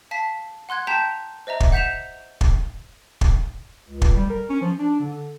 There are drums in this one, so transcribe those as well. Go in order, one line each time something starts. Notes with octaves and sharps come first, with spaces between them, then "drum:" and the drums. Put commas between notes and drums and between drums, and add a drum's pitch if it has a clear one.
F5 A5 B6
F#5 C6 F#6 G#6
G5 A5 A#5 G6 B6 E7
C5 D#5 E5 A#5
drum: kick
F#5 G6 B6 E7 F7
drum: kick
drum: kick
C#2
drum: kick
G3
A#4
C#4
F3
D4
D3